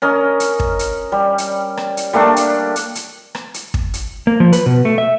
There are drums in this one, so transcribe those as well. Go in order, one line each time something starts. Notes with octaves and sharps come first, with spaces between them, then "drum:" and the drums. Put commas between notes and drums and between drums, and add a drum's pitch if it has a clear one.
C#4 A#4 D#5
drum: hi-hat
drum: kick
drum: hi-hat
G3
drum: hi-hat
drum: rim click
drum: hi-hat
G3 A3 A#3 D4
drum: hi-hat
drum: hi-hat
drum: hi-hat
drum: rim click
drum: hi-hat
drum: kick
drum: hi-hat
A#3
F3
B4, drum: hi-hat
B2
A3
E5